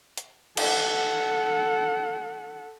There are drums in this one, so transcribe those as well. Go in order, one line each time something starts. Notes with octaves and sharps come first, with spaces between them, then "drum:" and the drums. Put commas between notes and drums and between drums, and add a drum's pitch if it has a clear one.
drum: hi-hat
A4 F#5, drum: cymbal